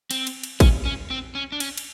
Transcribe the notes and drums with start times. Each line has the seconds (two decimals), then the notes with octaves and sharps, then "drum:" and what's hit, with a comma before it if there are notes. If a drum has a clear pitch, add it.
0.11 C4, drum: cymbal
0.27 drum: cymbal
0.43 drum: cymbal
0.60 C#4, drum: kick, cymbal
0.85 C#4
1.10 C4
1.35 C#4
1.52 D4
1.60 C#4, drum: cymbal
1.78 drum: cymbal